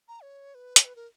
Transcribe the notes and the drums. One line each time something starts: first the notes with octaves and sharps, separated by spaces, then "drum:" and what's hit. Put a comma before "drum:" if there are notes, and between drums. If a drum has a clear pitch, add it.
A#5
C#5
B4
C#5, drum: hi-hat
B4
A#4